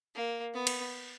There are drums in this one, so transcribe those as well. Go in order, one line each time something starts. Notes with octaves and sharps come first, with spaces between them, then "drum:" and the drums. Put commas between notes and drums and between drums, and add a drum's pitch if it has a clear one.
A#3
B3
drum: cymbal